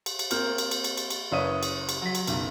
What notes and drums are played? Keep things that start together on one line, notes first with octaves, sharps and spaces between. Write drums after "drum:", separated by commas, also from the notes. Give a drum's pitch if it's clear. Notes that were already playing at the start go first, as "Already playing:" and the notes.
drum: cymbal
drum: cymbal
A#3 C4 F6 G6, drum: cymbal
drum: cymbal
drum: cymbal
drum: cymbal
drum: cymbal
drum: cymbal
F#1 B4 C#5 E5 D#6 D#7
drum: cymbal
drum: cymbal
F#3 B6
drum: cymbal
F#1 B1, drum: cymbal